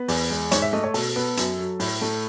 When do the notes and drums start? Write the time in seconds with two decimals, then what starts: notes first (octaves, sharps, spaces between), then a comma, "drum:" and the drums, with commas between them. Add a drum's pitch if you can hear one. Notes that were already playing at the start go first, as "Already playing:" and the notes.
Already playing: B3 B4
0.08 E2, drum: open hi-hat
0.30 G#3
0.51 G#2 C#5, drum: hi-hat
0.62 E5
0.73 A3 D#5
0.84 C#5
0.94 B2 A4, drum: open hi-hat
1.16 B3
1.37 F#2, drum: hi-hat
1.59 F#3
1.80 A2, drum: open hi-hat
2.02 A3